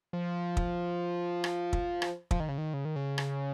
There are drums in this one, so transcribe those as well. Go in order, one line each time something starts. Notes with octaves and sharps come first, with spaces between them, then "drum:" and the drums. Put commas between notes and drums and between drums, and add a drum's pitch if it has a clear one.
F3
drum: kick
drum: rim click
drum: kick
drum: rim click
F3, drum: kick
D#3
C#3
D#3
C#3
D#3
C#3
drum: rim click